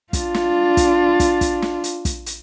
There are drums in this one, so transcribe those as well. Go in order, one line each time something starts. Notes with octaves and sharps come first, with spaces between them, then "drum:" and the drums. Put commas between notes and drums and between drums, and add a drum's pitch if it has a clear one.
D4 F4, drum: kick, hi-hat
drum: snare
drum: kick, hi-hat
drum: kick, hi-hat
drum: kick, hi-hat
drum: snare
drum: hi-hat
drum: kick, hi-hat
drum: hi-hat